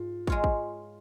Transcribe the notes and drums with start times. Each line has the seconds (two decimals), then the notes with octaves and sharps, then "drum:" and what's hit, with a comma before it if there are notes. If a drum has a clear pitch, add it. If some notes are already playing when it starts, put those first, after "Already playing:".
Already playing: G#2 F4
0.27 G#3 F4 C#5, drum: kick
0.44 drum: kick